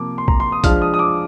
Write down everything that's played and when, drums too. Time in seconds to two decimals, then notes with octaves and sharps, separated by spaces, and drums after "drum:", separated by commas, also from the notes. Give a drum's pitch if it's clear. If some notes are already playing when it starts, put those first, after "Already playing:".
Already playing: C3 F3 A#3 D6
0.18 C6
0.28 A#5, drum: kick
0.40 C6
0.52 D#6
0.64 F3 G#3 D4 F4 F6, drum: kick, hi-hat
0.82 D#6
0.94 D#6
0.99 D6